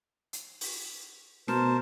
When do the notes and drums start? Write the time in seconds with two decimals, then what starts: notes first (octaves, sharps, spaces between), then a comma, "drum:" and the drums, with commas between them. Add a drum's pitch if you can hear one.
0.33 drum: hi-hat
0.61 drum: open hi-hat
1.48 B2 A#4 C5 A5, drum: snare